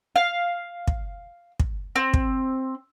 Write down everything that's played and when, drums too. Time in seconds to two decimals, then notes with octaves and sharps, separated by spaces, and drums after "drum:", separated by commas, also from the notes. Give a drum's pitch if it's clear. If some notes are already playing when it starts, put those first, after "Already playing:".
0.16 F5
0.88 drum: kick
1.60 drum: kick
1.96 C4
2.14 drum: kick